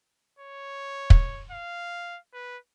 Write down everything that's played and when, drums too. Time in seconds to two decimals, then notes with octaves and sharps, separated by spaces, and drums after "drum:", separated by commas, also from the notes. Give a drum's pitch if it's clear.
0.39 C#5
1.10 drum: kick
1.51 F5
2.33 B4